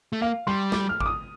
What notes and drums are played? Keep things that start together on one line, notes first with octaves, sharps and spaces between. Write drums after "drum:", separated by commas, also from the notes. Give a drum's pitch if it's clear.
A3
A#3 F5
G3 C6
D6, drum: snare
F6
D6, drum: kick G#1
D#6